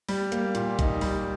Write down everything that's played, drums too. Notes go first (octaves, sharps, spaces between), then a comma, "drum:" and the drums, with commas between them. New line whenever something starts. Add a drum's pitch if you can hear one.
G3, drum: open hi-hat
A#3, drum: hi-hat
A#2, drum: hi-hat
D#4, drum: kick, hi-hat
G3, drum: open hi-hat